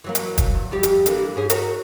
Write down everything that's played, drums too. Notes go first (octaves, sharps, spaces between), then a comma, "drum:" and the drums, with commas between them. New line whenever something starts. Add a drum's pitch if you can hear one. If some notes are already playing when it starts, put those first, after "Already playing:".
E3 F#3 A#3
drum: hi-hat
drum: kick, hi-hat
E2
F2 G3 G4
drum: hi-hat
D3 E3 A#3, drum: hi-hat
G#2 C#4 G#4
F#4 A#4 C#5, drum: hi-hat